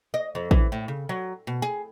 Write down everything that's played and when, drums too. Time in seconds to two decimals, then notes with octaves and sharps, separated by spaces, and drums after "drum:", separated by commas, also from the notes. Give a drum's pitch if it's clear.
0.14 D#5
0.35 F2
0.51 E3, drum: kick A1
0.72 A2
0.88 C#3
1.09 F#3
1.47 B2
1.62 G#4